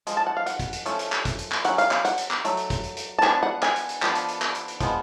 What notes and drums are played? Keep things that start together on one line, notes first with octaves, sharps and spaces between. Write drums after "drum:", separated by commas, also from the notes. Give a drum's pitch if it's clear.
F3 G#3, drum: hi-hat
A5
F#5
F5
F#5, drum: hi-hat
drum: kick, hi-hat
drum: hi-hat
F3 A3 C#4, drum: hi-hat
drum: hi-hat
drum: clap
drum: kick, hi-hat
drum: hi-hat
drum: clap
F#3 C#4 F#5, drum: hi-hat
F5, drum: hi-hat
F5, drum: clap
F#5, drum: hi-hat
drum: hi-hat
drum: clap
F#3 A3, drum: hi-hat
drum: hi-hat
drum: kick, hi-hat
drum: hi-hat
drum: hi-hat
A5
F3 B3 D4 G#5, drum: clap
F#5
G#5, drum: clap
drum: hi-hat
drum: hi-hat
F3 B3 D4, drum: clap
drum: hi-hat
drum: hi-hat
drum: clap
drum: hi-hat
drum: hi-hat
F3 G#3 B3, drum: kick, hi-hat